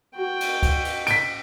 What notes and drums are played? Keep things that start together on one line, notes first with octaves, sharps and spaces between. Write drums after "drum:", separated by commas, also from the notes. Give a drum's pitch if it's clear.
F#4 G5
drum: cymbal
drum: kick, cymbal
drum: cymbal
B6 D7, drum: cymbal